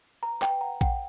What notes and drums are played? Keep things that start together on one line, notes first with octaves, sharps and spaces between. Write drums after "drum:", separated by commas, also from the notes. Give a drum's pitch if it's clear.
B4 A#5
B4 G5, drum: clap
F#5 A#5
F#5 G5, drum: kick A1